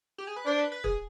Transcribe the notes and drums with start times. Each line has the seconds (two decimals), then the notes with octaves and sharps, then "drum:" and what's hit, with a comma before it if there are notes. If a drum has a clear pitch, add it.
0.18 G4
0.27 G#4
0.36 B4
0.46 D4 C5 D5
0.59 B4
0.72 B4
0.84 G#4, drum: kick